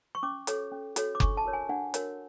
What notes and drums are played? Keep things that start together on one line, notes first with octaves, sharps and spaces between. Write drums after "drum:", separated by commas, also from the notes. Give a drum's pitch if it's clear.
C#6
C#4 D6
F#4 A4 C#5, drum: hi-hat
C#4
F#4 A4 C#5, drum: hi-hat
D6
D4 C#6, drum: kick F#1
A5
F#4 A#4 C#5
G#5
D4 F#5
F#4 A#4 C#5, drum: hi-hat